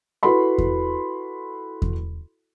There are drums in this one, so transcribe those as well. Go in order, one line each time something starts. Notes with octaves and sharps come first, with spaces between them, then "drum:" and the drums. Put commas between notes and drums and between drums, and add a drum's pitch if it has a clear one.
E4 F#4 A4 B4 B5 C6
drum: kick E2
drum: kick E2